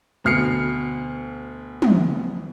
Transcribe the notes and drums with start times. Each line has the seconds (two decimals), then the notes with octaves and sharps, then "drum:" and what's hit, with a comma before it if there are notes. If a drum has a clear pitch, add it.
0.24 D2 B2 F6 C7 C#7
1.82 drum: tom